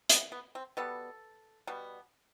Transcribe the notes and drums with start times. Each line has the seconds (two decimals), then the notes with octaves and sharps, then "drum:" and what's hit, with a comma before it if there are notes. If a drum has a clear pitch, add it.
0.09 B3, drum: hi-hat
0.32 B3
0.55 C4
0.77 B2 G3 B3 A4
1.67 B2 G3 B3